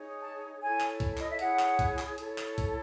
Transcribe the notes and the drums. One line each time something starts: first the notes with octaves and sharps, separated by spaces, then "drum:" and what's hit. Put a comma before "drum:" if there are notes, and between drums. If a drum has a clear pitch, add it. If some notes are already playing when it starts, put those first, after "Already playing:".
Already playing: D#4 G#4 C#5
A5
E4 A4 C#5 G#5
drum: clap
drum: kick B1, hi-hat
D#5, drum: clap
E5
E4 G#4 C#5 F#5, drum: hi-hat
drum: clap
drum: kick B1, hi-hat
drum: clap
E4 A4 C#5, drum: hi-hat
drum: clap
drum: kick B1, hi-hat